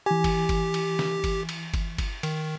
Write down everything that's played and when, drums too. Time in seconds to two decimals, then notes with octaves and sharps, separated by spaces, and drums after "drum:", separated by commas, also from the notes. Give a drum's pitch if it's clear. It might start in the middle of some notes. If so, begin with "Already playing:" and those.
0.06 E3 G4 G#5
0.24 drum: kick G1, cymbal
0.49 drum: kick G1, cymbal
0.74 drum: cymbal
0.99 drum: snare
1.24 drum: kick G1, cymbal
1.49 drum: cymbal
1.74 drum: kick G1, cymbal
1.98 drum: kick G1, cymbal
2.23 D#3, drum: cymbal